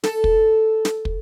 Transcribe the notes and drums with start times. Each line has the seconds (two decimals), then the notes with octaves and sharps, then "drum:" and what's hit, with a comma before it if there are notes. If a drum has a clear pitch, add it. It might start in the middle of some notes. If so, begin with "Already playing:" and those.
0.04 A4, drum: snare
0.24 drum: kick
0.85 drum: snare
1.05 drum: kick